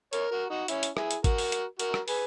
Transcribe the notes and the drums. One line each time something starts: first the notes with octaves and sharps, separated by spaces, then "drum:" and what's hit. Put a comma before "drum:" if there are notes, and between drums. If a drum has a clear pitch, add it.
A#4 C#5, drum: hi-hat
F#4 A#4
D#4 F#4
C#4 E4, drum: hi-hat
drum: hi-hat
E4 G#4, drum: rim click
drum: hi-hat
F#4 A#4, drum: kick G#1, hi-hat
drum: open hi-hat
drum: hi-hat
F#4 A#4, drum: hi-hat
drum: rim click
G#4 B4, drum: open hi-hat